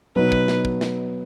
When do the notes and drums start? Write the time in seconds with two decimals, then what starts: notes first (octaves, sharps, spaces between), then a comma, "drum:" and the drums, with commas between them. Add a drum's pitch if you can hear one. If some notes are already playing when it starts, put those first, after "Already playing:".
0.16 B2 F#3 B3 D#4 B4
0.32 drum: kick
0.48 drum: snare
0.65 drum: kick
0.81 drum: snare